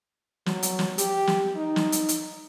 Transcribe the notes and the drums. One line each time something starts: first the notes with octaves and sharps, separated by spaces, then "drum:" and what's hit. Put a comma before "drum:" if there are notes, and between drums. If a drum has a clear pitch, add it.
F#3, drum: snare
drum: hi-hat
drum: snare
G4, drum: hi-hat
drum: snare
D#4
drum: snare
drum: hi-hat
drum: hi-hat